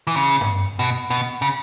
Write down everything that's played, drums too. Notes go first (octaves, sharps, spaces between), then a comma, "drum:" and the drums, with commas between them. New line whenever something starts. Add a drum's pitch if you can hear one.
E3
C#3
drum: tom G2
B2
B2
C#3